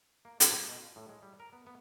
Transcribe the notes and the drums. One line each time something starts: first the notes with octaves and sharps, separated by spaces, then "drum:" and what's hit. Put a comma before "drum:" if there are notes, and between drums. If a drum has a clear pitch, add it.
A#3
A#2, drum: hi-hat
G3
B2
F4
A2
G#3
G3
A#4
B3
B3